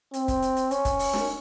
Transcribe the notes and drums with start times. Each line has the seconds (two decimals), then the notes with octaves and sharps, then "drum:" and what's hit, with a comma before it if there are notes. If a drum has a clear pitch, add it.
0.14 C4, drum: hi-hat
0.28 drum: kick, hi-hat
0.42 drum: hi-hat
0.57 drum: hi-hat
0.71 C#4, drum: hi-hat
0.85 drum: kick, hi-hat
0.99 drum: open hi-hat
1.13 drum: snare